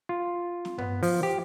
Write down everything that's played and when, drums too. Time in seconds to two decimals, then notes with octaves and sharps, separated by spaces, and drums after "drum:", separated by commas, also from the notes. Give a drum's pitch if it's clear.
0.09 F4
0.65 drum: snare C4
0.78 B3, drum: tom G2
1.03 F3, drum: open hi-hat
1.23 G4